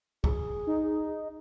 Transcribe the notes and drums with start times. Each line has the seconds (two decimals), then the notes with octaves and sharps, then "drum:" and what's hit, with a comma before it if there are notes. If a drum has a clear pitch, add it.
0.24 G#4, drum: kick
0.67 D#4